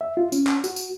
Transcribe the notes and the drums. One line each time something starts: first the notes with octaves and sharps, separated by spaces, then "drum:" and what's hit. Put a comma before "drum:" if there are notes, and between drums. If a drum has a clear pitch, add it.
E5
F4
C#4, drum: tambourine
drum: clap
F#4, drum: tambourine
drum: tambourine